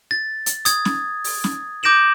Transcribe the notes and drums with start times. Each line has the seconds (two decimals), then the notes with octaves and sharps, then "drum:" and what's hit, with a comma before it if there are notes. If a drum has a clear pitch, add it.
0.11 A6
0.46 drum: hi-hat
0.65 D#6 G#6, drum: hi-hat
0.85 drum: snare C#4
1.24 drum: open hi-hat
1.44 drum: snare C#4
1.83 D6 G6 A#6 D7 E7 F#7